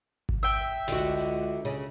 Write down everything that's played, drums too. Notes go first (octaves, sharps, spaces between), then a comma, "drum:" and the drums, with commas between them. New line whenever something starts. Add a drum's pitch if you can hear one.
drum: kick G#1
E5 G5
C#2 D3 F#4, drum: snare
C#3